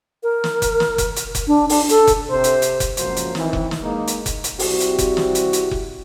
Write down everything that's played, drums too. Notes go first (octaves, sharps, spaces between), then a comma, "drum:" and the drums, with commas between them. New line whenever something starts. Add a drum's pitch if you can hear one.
A#4
drum: snare
drum: kick F1, hi-hat
drum: snare
drum: kick F1, hi-hat
drum: hi-hat
drum: kick F1, hi-hat
D4
D4, drum: open hi-hat
A4, drum: hi-hat
drum: kick F1, hi-hat
C3 C5
drum: hi-hat
drum: hi-hat
drum: kick F1, hi-hat
C#2 F#2 F3 A#3 F#4 C5, drum: hi-hat
drum: hi-hat
D#3 E3 C4, drum: snare
drum: kick F1
drum: snare
G#3 A#3 D#4
drum: hi-hat
drum: kick F1, hi-hat
drum: hi-hat
C3 G3 C4 E4 F#4, drum: open hi-hat
drum: hi-hat
drum: kick F1, hi-hat
drum: snare
drum: hi-hat
drum: hi-hat
drum: kick F1